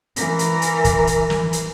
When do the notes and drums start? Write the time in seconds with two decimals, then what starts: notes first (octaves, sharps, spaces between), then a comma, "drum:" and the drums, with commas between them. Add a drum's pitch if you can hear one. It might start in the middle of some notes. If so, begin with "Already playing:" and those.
0.16 E3 A#4, drum: hi-hat
0.39 drum: hi-hat
0.62 drum: hi-hat
0.84 drum: kick, hi-hat
1.07 drum: hi-hat
1.30 drum: snare
1.53 drum: hi-hat